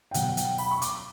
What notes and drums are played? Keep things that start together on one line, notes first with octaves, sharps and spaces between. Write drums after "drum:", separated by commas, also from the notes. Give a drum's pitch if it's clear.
G5
B2 F#3 F#5, drum: hi-hat
G5, drum: hi-hat
B5, drum: open hi-hat
C#6
D6, drum: hi-hat